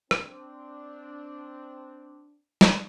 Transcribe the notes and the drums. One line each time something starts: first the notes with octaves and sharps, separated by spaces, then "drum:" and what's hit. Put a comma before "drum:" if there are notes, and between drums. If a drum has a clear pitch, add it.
C4 D4, drum: rim click
drum: snare